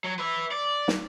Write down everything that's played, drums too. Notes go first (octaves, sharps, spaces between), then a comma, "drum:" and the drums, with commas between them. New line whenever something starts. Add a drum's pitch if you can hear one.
F#3
B4 E5
D5
drum: snare